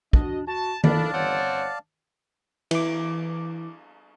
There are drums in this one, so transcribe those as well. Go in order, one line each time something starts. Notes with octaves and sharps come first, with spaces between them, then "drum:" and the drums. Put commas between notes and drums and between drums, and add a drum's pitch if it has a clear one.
D4 F#4 D#5, drum: kick
F#4 A5
F#1 D#3 D4 A4 D5 F5 A5 B5, drum: tom D#3
G1 C4 C#5 F#5
E3 D6, drum: cymbal